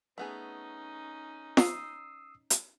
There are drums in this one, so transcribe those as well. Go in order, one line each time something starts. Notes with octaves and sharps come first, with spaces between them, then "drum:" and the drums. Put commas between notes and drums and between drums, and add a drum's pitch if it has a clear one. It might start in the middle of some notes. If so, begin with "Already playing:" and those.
A3 B3 C#4 D#4 G#4
D#6 E6 C7, drum: snare
drum: hi-hat